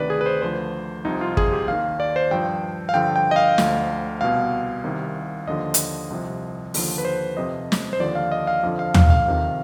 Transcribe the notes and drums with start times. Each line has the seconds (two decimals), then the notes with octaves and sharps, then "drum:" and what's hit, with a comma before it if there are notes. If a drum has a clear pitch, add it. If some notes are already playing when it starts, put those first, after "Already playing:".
Already playing: D2 C3 D#3 B4 D5
0.10 G#4
0.21 B4
0.26 C5
0.42 D2 D3 F3 C5
1.05 C2 C3 F3 D#4
1.21 F4
1.37 G#4, drum: kick
1.52 G4
1.68 D#2 D#3 F5
2.00 D5
2.16 C5
2.31 G2 F3 G5
2.89 F5
2.94 G2 D3 F3 G5
3.16 G5
3.31 D#5
3.36 F5
3.58 D2 D3 F3, drum: snare
4.21 C2 B2 F5
4.84 C2 C3 D#3
5.47 D#2 D3 F3 D#5
5.74 drum: hi-hat
6.10 C2 C3 F3
6.74 D#2 D3 F3, drum: open hi-hat
6.98 B4
7.05 C5
7.37 F2 C3 F3 D#5
7.72 drum: snare
7.93 C5
8.00 D#2 D3 F3 D5
8.15 F5
8.32 D#5
8.47 F5
8.63 F2 D3 F3
8.79 F5
8.94 F5, drum: tom D#2
9.10 F5
9.26 F2 C3 D#3